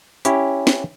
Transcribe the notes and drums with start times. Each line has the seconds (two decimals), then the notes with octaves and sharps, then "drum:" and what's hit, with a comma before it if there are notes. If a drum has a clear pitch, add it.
0.25 C#4 E4 G4 C#5, drum: hi-hat
0.67 drum: snare